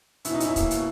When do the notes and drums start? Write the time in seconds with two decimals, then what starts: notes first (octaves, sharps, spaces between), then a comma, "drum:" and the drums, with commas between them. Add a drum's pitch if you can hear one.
0.25 B2 E4, drum: hi-hat
0.35 D#4
0.40 C#4 E4, drum: hi-hat
0.56 A#3, drum: kick, hi-hat
0.71 B2, drum: hi-hat